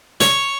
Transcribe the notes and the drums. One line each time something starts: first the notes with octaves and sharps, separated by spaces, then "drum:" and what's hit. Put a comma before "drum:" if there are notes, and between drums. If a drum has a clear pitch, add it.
C#5, drum: snare